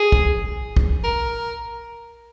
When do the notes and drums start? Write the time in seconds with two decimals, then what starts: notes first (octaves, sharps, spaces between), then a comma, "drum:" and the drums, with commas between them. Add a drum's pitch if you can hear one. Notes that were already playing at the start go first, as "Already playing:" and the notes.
Already playing: G#4
0.12 drum: kick
0.77 drum: kick
1.04 A#4